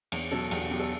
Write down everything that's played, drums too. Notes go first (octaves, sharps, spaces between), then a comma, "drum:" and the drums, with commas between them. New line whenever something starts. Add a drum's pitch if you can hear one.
E2, drum: cymbal
B2 F#3 A4
E2 G4, drum: cymbal
F#4
B2 F#3 G4
A4